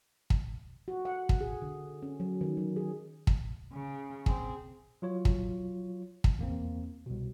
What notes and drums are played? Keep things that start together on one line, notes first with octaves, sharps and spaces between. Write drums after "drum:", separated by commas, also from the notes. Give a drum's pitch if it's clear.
drum: kick
F#4
F#5
drum: kick
G#4
D3
C#4
F#3
D#3
F#3
G#4
drum: kick
C#3
C4 G#4, drum: kick
F#3 F4 C#5
drum: kick
drum: kick
E2 A#3 C4
C2 B2